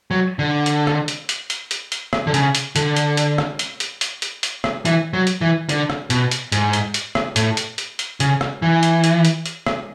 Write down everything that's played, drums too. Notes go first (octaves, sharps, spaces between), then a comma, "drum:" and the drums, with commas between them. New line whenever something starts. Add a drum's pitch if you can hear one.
F#3
D3
drum: hi-hat
drum: rim click
drum: hi-hat
drum: hi-hat
drum: hi-hat
drum: hi-hat
drum: hi-hat
drum: rim click
D3
C#3, drum: hi-hat
drum: hi-hat
D3, drum: hi-hat
drum: hi-hat
drum: hi-hat
drum: rim click
drum: hi-hat
drum: hi-hat
drum: hi-hat
drum: hi-hat
drum: hi-hat
drum: rim click
E3, drum: hi-hat
F#3
drum: hi-hat
E3
D3, drum: hi-hat
drum: rim click
B2, drum: hi-hat
drum: hi-hat
G#2, drum: hi-hat
drum: hi-hat
drum: hi-hat
drum: rim click
A2, drum: hi-hat
drum: hi-hat
drum: hi-hat
drum: hi-hat
C#3, drum: hi-hat
drum: rim click
E3
drum: hi-hat
drum: hi-hat
drum: hi-hat
drum: hi-hat
drum: rim click